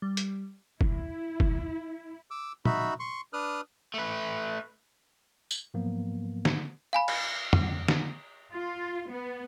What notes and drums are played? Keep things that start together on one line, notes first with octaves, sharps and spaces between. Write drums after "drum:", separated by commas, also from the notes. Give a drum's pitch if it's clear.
G3
drum: hi-hat
E4, drum: kick
drum: kick
D6 E6
D#4 F#4 E5 B5, drum: tom
C6 C#6
D4 B4 D#6 F6 F#6
A3 B4
drum: tambourine
G#2 F3 F#3 A#3 B3
drum: snare
F5 G#5 B5
drum: cymbal
drum: tom
drum: snare
F4
B3